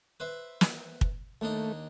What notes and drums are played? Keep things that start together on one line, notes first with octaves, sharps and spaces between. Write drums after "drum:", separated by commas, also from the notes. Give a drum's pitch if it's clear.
B4 C5 E5
drum: snare
drum: kick
D#2 A3 D4 D#4